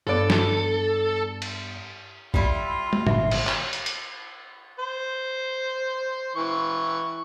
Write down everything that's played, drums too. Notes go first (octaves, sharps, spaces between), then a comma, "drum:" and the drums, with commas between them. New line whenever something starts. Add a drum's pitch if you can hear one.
G2 B3 A4 D5
drum: snare
drum: cymbal
G3 E4 F4, drum: kick A#1
drum: tom
G#1 A#2 D3 E5 A#5, drum: tom
drum: cymbal
drum: clap
drum: hi-hat
drum: hi-hat
C5
E3 C#6